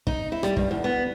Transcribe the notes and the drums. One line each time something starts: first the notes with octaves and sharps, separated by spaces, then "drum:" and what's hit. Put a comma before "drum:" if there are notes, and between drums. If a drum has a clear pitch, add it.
D#4, drum: kick
E4
G3, drum: rim click
G2, drum: kick
E2
B3